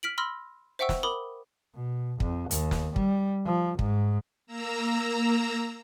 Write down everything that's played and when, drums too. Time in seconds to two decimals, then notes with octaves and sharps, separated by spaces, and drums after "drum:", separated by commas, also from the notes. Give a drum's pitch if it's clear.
0.03 F6 B6 D7 F#7
0.18 B5 C6 E6 F6 A#6
0.79 C5 E5 F#5 G5 C#6 E6
0.89 drum: snare
1.03 A#4 B5 D6 D#6
1.75 B2
2.20 F2, drum: kick
2.51 D#2, drum: hi-hat
2.71 drum: snare
2.96 G3, drum: kick
3.45 F3
3.79 G#2, drum: kick
4.47 A#3 A#5 E6